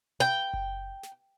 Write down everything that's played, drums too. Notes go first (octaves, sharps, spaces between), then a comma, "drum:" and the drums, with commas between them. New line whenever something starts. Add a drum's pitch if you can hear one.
G5, drum: snare
drum: kick F#1
drum: snare